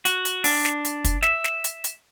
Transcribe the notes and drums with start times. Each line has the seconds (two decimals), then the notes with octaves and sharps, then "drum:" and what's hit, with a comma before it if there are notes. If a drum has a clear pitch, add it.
0.05 F#4, drum: hi-hat
0.25 drum: hi-hat
0.44 D4, drum: open hi-hat
0.65 drum: snare
0.85 drum: hi-hat
1.04 drum: kick, hi-hat
1.23 E5, drum: snare
1.44 drum: snare
1.64 drum: hi-hat
1.84 drum: hi-hat